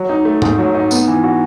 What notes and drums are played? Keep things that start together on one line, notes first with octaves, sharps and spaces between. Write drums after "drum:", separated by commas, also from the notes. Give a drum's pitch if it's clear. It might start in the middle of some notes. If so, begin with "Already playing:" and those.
Already playing: F#3
D#4
A3
G#2, drum: tom G#2
F#3
D#4
B3, drum: tambourine
E3
F#4